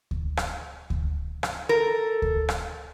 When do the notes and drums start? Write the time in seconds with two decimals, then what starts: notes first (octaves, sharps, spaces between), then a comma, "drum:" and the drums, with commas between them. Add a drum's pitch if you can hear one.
0.11 drum: kick D2
0.37 drum: rim click
0.90 drum: kick D2
1.43 drum: rim click
1.69 A4 A#4
2.22 drum: kick D2
2.49 drum: rim click